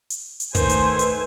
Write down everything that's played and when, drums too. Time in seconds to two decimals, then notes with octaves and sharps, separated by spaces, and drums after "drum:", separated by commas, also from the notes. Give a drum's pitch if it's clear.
0.10 drum: hi-hat
0.40 drum: hi-hat
0.55 D#3 A3 B4 C5 G#5, drum: kick, hi-hat
0.69 drum: hi-hat
0.99 drum: hi-hat